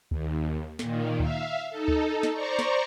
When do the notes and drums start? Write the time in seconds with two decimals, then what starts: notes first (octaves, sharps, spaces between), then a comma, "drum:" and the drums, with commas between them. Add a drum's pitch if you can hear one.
0.11 D#2, drum: kick D2
0.79 A#2 D#3, drum: snare
1.20 E5 F5, drum: kick D2
1.70 D#4 A4
1.88 drum: kick D2
2.23 drum: snare
2.33 C5 D5 A#5 C#6
2.59 drum: snare